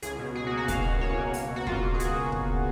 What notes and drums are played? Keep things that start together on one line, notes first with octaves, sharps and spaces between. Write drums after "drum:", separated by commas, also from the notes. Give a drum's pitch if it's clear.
C#2 G#4, drum: hi-hat
B2
C#2 G#4
F#4
A#3
F#4
C#2 F5, drum: kick, hi-hat
B2
C#2 C#5
A#3
C#2, drum: open hi-hat
B2
F#4
C#2 F4, drum: kick
A#3
G#4
F#4, drum: hi-hat
drum: kick